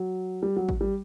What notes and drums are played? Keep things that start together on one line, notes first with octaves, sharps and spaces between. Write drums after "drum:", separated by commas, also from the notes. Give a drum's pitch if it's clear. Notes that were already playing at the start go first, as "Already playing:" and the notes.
Already playing: F#3
G3
F#3
drum: kick G#1
G3